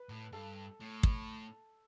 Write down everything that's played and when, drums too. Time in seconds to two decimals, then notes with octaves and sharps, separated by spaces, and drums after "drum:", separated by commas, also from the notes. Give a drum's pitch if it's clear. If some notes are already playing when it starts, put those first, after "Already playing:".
Already playing: B4
0.09 A2
0.32 G2 A4
0.80 A2
1.03 drum: kick